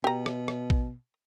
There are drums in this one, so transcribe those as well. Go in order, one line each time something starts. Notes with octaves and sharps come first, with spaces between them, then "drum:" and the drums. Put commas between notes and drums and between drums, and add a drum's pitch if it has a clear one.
B2 G4 A#5
drum: rim click
drum: rim click
drum: kick